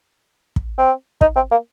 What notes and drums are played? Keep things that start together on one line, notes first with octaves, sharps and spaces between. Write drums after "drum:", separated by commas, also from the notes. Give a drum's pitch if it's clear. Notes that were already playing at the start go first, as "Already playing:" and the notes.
drum: kick
C4
D#4, drum: kick
C4
A#3